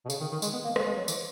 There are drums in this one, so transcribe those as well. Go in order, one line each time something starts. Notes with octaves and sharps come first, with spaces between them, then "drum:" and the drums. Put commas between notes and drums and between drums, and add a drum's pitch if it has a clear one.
B2
C#3, drum: tambourine
D#3
D#3
G#3, drum: tambourine
B3
A#3
G#3, drum: rim click
G#3
F#3
E3, drum: tambourine